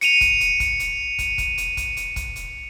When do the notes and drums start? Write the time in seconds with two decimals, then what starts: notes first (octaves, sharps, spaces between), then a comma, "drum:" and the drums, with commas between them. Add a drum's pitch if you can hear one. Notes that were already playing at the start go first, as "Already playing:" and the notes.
0.01 C#7 D#7 F7, drum: hi-hat
0.21 drum: kick, hi-hat
0.40 drum: hi-hat
0.60 drum: kick, hi-hat
0.79 drum: hi-hat
1.19 drum: kick, hi-hat
1.38 drum: kick, hi-hat
1.58 drum: hi-hat
1.77 drum: kick, hi-hat
1.97 drum: hi-hat
2.16 drum: kick, hi-hat
2.36 drum: hi-hat